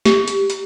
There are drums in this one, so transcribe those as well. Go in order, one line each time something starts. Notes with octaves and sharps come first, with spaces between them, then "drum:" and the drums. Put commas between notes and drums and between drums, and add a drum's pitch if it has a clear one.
G4, drum: snare
drum: hi-hat
drum: hi-hat